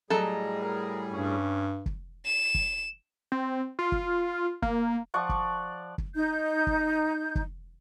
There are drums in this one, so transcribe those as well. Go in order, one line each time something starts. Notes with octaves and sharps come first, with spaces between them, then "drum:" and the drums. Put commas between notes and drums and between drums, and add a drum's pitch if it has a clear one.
A2 F#3 G3 G#4 A4 D#5 A#5
A#4
G2 C#4
drum: kick
E7
drum: kick
C4
F4
drum: kick
A#3, drum: kick
F3 D5 F#5 C#6
drum: kick
drum: kick
D#4 G6
drum: kick
drum: kick